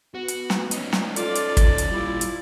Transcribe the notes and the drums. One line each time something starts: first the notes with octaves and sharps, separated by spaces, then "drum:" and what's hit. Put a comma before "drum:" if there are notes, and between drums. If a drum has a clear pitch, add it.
B3 F#4
drum: hi-hat
drum: snare
C#4 D#4, drum: hi-hat
drum: snare
F4 A4 D5, drum: hi-hat
drum: hi-hat
drum: kick, hi-hat
drum: hi-hat
A#2 G3 E4 F4
drum: hi-hat